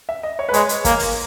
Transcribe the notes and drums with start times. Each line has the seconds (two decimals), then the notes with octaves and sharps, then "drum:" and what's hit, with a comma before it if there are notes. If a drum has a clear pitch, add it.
0.09 E5
0.23 D#5
0.39 C#5
0.49 B4
0.53 G#3 C#5, drum: hi-hat
0.69 drum: hi-hat
0.85 A#3, drum: kick, hi-hat
0.99 drum: open hi-hat